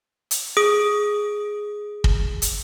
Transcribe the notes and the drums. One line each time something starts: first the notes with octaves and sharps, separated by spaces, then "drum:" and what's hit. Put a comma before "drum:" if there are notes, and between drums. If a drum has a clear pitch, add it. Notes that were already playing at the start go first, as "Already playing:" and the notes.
drum: hi-hat
G#4 D#6
drum: kick
drum: hi-hat